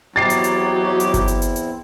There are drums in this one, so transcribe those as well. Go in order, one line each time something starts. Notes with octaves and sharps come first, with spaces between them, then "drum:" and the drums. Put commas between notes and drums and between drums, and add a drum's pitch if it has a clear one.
E2 F#3 C4 D#4 E4 G4 A6 C7
drum: hi-hat
drum: hi-hat
drum: hi-hat
drum: kick G1, hi-hat
drum: hi-hat
drum: hi-hat
drum: hi-hat